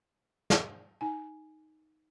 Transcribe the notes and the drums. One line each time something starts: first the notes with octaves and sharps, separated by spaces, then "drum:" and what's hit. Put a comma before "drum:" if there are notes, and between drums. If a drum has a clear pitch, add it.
drum: snare
D#4 G#5